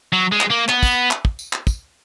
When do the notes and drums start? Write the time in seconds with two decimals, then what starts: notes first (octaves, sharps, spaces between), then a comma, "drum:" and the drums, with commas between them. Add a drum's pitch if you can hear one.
0.13 F#3
0.32 G#3
0.41 drum: clap
0.50 A#3
0.68 B3, drum: clap
0.83 drum: kick, tambourine
1.11 drum: clap
1.25 drum: kick
1.39 drum: tambourine
1.53 drum: clap
1.67 drum: kick, tambourine